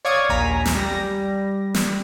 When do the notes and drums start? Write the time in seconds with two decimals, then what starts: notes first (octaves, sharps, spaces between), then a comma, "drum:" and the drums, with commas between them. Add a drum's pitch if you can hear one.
0.05 C#5 D5 F5 C#6 D#6 G#6
0.29 A#1 D#2 G#5 A#5 B6
0.65 drum: snare
0.75 G3 A#6
1.74 drum: snare